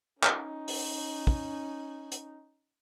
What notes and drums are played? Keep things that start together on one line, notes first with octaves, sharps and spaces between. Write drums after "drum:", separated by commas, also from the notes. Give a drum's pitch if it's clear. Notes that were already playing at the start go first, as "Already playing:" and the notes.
C#4 D#4, drum: clap
drum: open hi-hat
drum: kick
drum: hi-hat